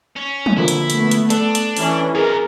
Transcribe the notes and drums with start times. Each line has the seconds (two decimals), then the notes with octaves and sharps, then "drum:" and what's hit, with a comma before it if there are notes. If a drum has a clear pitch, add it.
0.16 C#4
0.46 drum: tom
0.57 D3 F3 A#3 E4
0.68 drum: hi-hat
0.90 A3 B3, drum: hi-hat
1.11 drum: hi-hat
1.30 D4 A4, drum: hi-hat
1.55 drum: hi-hat
1.77 E3 C#4 E4, drum: open hi-hat
2.15 B3 D#4 G#4 A#4